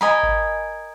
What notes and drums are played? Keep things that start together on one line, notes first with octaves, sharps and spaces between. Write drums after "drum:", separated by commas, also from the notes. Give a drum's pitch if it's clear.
A#4 D#5 G#5 B5
drum: kick G#1